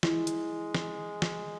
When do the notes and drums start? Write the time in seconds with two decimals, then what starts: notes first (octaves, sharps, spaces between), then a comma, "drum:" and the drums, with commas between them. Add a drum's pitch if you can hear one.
0.03 E3 G#3, drum: snare
0.27 drum: hi-hat
0.75 drum: snare
1.22 drum: snare